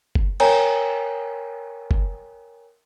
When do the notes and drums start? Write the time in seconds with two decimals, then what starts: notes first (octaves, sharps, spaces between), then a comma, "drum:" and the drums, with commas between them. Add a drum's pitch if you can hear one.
0.15 drum: kick
0.40 A#4 C#5 G5 G#5 A#5, drum: cymbal
1.91 drum: kick